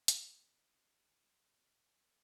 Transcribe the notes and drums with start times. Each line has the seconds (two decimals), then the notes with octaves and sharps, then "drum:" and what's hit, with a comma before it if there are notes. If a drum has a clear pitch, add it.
0.08 B3, drum: hi-hat
0.19 C4
0.35 B3
0.50 D#4
0.65 D#4
0.80 G4
0.96 G#4
1.10 G#4
2.01 A4